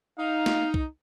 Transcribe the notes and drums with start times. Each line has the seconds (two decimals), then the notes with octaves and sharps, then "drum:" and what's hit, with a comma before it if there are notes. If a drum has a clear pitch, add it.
0.18 D#4 F5
0.46 drum: snare
0.74 drum: kick